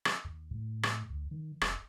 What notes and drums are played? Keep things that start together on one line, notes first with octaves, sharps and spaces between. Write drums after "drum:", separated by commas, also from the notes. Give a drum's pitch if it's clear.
drum: rim click
D#2
A2
drum: rim click
D2
D#3
F1, drum: rim click